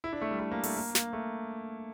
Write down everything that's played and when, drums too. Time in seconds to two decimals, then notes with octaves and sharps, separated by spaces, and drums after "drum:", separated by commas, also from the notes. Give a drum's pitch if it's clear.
0.04 E4
0.13 D4
0.22 A3
0.31 G3
0.40 A3
0.51 A#3
0.63 A3, drum: open hi-hat
0.76 A#3
0.95 A#3, drum: snare
1.13 A3